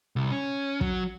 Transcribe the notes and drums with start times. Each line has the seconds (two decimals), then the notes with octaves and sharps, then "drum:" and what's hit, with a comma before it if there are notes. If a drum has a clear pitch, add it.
0.16 C2
0.32 C#4
0.81 F#3, drum: kick